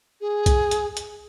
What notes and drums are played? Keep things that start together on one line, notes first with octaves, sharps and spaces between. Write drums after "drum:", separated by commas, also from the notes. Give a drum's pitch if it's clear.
G#4
drum: kick B1, hi-hat
drum: hi-hat
drum: hi-hat